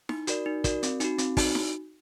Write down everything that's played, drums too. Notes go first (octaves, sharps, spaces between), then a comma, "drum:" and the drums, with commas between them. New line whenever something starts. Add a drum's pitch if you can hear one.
D#4, drum: snare
F#4 A#4 D5, drum: hi-hat
D#4
F#4 A#4 D5, drum: kick, hi-hat
C4, drum: hi-hat
D#4 F#4, drum: hi-hat
C4, drum: hi-hat
D#4 F#4, drum: kick, open hi-hat
drum: snare